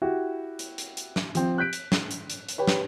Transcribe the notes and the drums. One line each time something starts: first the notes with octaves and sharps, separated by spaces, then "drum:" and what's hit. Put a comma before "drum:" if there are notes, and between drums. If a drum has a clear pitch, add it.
E4 F#4 G4
drum: hi-hat
drum: hi-hat
drum: hi-hat
drum: snare
F3 C4, drum: hi-hat
F#6 G6 B6 D7
drum: hi-hat
drum: snare
drum: hi-hat
drum: hi-hat
drum: hi-hat
G4 B4 C#5
drum: snare